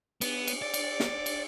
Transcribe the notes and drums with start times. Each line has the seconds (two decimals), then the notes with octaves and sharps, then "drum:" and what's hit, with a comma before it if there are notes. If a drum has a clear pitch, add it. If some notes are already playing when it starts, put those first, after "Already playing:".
0.21 B3, drum: cymbal
0.47 drum: cymbal
0.62 D5
0.74 drum: cymbal
1.00 drum: snare
1.26 drum: cymbal